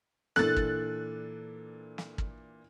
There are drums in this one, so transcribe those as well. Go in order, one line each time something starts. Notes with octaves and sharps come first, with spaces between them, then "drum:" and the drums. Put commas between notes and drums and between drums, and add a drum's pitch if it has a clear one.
A#2 E3 D4 A4 F#6 A6, drum: snare
drum: kick
drum: snare
drum: kick